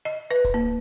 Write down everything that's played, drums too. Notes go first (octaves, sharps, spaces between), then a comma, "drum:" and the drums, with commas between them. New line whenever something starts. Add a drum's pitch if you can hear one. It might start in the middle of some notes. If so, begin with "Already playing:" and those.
D#5
B4, drum: hi-hat
drum: kick D1, hi-hat
A#3